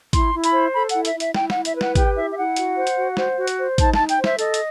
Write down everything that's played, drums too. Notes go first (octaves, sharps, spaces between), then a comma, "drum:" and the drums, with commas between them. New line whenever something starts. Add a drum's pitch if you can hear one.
E4 C6, drum: kick, hi-hat
E4
B5, drum: hi-hat
C5
A4 B5
E4 F#5, drum: hi-hat
E5, drum: hi-hat
E4
E5, drum: hi-hat
E4 G5, drum: snare
F#5, drum: snare
E4
E5, drum: hi-hat
B4
F#5, drum: snare
G4 G5, drum: kick, hi-hat
E4 E5
E5
E4 F#5
F#4, drum: hi-hat
C5
drum: hi-hat
F#4
C5, drum: snare
F#4
drum: hi-hat
C5
D#4 A5, drum: kick, hi-hat
D#4 A5, drum: snare
G5, drum: hi-hat
C5
E5, drum: snare
A4 D#5, drum: hi-hat
drum: hi-hat